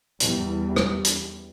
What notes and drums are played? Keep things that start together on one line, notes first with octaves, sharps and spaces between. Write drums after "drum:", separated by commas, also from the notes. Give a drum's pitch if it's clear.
E2 G3, drum: hi-hat
drum: rim click
drum: hi-hat